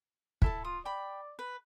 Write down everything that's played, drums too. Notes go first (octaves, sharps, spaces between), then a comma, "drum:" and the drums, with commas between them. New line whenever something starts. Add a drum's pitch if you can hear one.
E4 A4 A5, drum: kick
F4 D#6
D5 G5 B5
B4